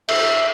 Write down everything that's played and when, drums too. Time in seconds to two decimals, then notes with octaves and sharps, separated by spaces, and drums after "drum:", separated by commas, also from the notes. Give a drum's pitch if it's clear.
0.09 E5, drum: cymbal